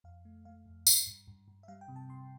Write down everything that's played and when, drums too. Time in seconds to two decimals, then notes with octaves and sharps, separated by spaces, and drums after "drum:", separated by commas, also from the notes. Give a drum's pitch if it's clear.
0.04 F2 F5
0.25 A3
0.45 A3 F5
0.66 F2
0.87 G2, drum: tambourine
1.06 G2
1.27 G2
1.48 G2
1.63 E5
1.68 G3 F5
1.81 G5
1.88 C3
1.96 A5
2.09 C3 C6